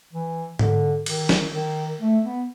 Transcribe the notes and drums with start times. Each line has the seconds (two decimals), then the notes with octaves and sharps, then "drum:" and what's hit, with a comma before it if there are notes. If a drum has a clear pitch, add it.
0.13 E3
0.59 D3, drum: tom G#2
1.06 D#3, drum: cymbal
1.29 drum: snare
1.53 D#3
2.00 A3
2.24 B3